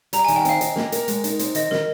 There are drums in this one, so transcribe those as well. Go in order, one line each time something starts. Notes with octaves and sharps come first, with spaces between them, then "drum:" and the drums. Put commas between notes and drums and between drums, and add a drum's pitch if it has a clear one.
G3 A#5, drum: hi-hat
G#5
D#3, drum: hi-hat
G5
C4 F5, drum: hi-hat
D#5, drum: hi-hat
A#3, drum: snare
A#4, drum: hi-hat
G#3, drum: hi-hat
D#4, drum: hi-hat
C4, drum: hi-hat
D#3 D#5, drum: hi-hat
D#3 A#4, drum: snare